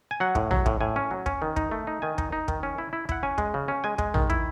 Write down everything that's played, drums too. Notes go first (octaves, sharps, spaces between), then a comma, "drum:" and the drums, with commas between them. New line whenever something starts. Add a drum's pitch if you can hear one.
G#5
F#3 F#5
A2, drum: kick
F#3, drum: tom A#1
A2, drum: kick
A2 G#5
C#4
F#3
C#4, drum: kick
D#3
D#4, drum: kick
A3
D#4
D#3 G#5
D#4, drum: kick
D#4
D#3, drum: kick
C#4
E4
E4
E4 F#5, drum: kick
C#4 G#5
G#3, drum: kick
C#3
C#4
G#3 G#5
G#3, drum: kick
D#3, drum: tom A#1
E4, drum: kick